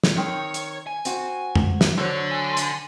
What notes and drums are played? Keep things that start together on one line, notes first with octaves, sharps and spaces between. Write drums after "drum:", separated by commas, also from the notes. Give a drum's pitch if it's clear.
drum: snare
D#3 C4 C#5 G5
drum: hi-hat
G#5
C4 F#4, drum: hi-hat
drum: tom F2
drum: snare
D3 F#3 C5 C#5
G#5
drum: hi-hat